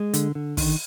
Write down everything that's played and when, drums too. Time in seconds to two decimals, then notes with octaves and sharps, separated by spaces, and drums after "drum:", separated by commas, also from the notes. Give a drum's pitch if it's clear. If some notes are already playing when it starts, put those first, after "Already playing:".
Already playing: G#3
0.14 D3, drum: hi-hat
0.35 D3
0.57 D#3, drum: kick, open hi-hat